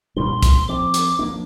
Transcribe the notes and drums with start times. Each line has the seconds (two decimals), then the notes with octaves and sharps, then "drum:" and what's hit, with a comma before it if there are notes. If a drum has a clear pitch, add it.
0.16 A#2 G3 D4 C6
0.43 drum: kick, hi-hat
0.68 F3 C4 D6
0.94 drum: hi-hat
1.19 F3 A#3 D4